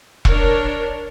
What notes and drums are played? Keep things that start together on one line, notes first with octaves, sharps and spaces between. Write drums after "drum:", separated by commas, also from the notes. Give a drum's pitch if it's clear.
D4 A#4 C#5, drum: kick E1